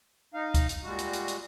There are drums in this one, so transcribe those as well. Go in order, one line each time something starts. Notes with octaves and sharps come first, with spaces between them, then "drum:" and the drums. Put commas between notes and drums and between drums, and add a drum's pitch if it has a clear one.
D#4 F5
drum: kick, hi-hat
drum: hi-hat
A#2 G3 G#3 F#4
drum: hi-hat
drum: hi-hat
drum: hi-hat